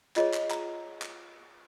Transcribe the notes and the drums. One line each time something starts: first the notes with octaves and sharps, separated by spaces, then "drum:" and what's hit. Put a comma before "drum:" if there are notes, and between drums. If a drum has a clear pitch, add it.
F4 G#4 C#5 D#5, drum: clap
drum: clap
A#5, drum: clap
drum: clap